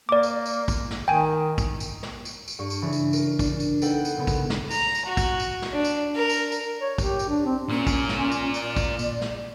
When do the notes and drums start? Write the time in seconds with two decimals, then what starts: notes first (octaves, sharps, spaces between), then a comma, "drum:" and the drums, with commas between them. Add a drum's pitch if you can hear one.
0.09 A#3 D5 D6
0.23 drum: tambourine
0.46 drum: tambourine
0.68 drum: kick, tambourine
0.91 drum: snare
1.08 D#3 G5 G#5
1.58 drum: kick, tambourine
1.80 drum: tambourine
2.03 drum: snare
2.25 drum: tambourine
2.48 drum: tambourine
2.59 G2 C#6
2.70 drum: tambourine
2.82 C#3 E3 D4
2.93 drum: tambourine
3.13 A#4, drum: tambourine
3.39 D4, drum: kick, tambourine
3.60 drum: tambourine
3.82 B3 D#4 A4 B4 F#5 G5, drum: tambourine
4.05 drum: tambourine
4.16 A#2 C#3 B3
4.27 drum: kick, tambourine
4.50 drum: snare
4.71 A#5, drum: tambourine
4.95 drum: tambourine
5.05 F#4
5.17 drum: kick, tambourine
5.40 drum: tambourine
5.62 drum: snare
5.72 D4
5.85 drum: tambourine
6.15 A#4
6.29 drum: tambourine
6.52 drum: tambourine
6.81 C#5
6.98 G4, drum: kick, tambourine
7.19 drum: tambourine
7.29 D4
7.45 C4
7.69 A#2 A#3 C#4
7.87 drum: kick, tambourine
8.09 drum: snare
8.32 drum: tambourine
8.54 D5, drum: tambourine
8.76 drum: kick, tambourine
8.99 drum: tambourine
9.21 drum: snare